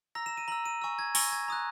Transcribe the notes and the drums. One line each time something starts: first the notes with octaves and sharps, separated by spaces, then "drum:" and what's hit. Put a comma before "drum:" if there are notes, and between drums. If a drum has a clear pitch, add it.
A#5 E6 A#6
E7
D#7
A#5 E6 F#7
D#7
G#5 C#6 E6
G#6
G#5 C#6 E6 A#6, drum: open hi-hat
G#6
A#5 D#6 F#6